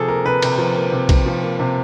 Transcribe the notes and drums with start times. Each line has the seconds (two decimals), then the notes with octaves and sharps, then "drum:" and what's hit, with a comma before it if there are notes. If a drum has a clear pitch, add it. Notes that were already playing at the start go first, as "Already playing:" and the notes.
Already playing: C3 F3 G#4 A4
0.08 A#3 A#4
0.25 C3 B4
0.42 C3, drum: cymbal
0.58 F3
0.75 A#3
0.92 C3
1.09 C3, drum: kick, cymbal
1.26 F3
1.42 A#3
1.60 C3